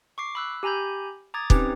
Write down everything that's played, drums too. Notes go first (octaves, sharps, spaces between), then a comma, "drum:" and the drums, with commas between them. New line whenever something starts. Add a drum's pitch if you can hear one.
C#6 D6 C7
B5 E6 F#6
G4 G#5 A#5 B5 G6
A#5 D6 D#6 G#6 A6
C4 C#4 D#4 G4 B4, drum: kick